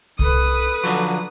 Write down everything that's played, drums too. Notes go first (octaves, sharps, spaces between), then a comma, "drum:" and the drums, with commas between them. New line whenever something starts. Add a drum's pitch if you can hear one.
A4 B4 D#6, drum: kick C2
D3 F3 F#3